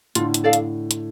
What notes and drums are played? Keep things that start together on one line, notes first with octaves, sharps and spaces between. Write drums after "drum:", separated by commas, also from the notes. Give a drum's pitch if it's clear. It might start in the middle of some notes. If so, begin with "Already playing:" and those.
A2 D3 F4, drum: hi-hat
drum: hi-hat
A4 D5 F5
drum: hi-hat
drum: hi-hat